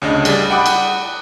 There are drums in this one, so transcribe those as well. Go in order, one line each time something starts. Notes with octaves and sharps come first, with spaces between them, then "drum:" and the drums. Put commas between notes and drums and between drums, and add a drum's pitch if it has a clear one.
D2 C#3 D4 D#5
G3 G#4 D5, drum: cymbal
F#5 G5 B5 D6 D#6 F#6
drum: cymbal